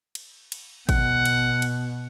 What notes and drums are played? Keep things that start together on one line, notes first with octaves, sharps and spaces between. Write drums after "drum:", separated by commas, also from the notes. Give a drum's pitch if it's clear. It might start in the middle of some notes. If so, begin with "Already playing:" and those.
drum: cymbal
drum: cymbal
B2 F#5, drum: kick G#1, cymbal
drum: cymbal
drum: cymbal